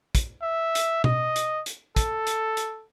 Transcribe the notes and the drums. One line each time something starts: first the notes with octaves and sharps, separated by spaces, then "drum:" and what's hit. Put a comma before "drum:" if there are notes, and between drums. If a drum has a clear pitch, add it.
drum: kick, hi-hat
E5
drum: hi-hat
D#5, drum: tom B2
drum: hi-hat
drum: hi-hat
A4, drum: kick, hi-hat
drum: hi-hat
drum: hi-hat